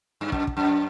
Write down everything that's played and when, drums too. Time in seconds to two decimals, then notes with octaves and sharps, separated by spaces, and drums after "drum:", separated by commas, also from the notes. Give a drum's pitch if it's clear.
0.21 G2
0.32 F#2, drum: kick
0.47 drum: kick
0.57 F#2